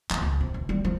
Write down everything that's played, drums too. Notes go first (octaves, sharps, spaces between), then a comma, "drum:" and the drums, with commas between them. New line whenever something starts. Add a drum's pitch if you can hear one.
F2, drum: clap
C#2
C3
C#2
G3
F3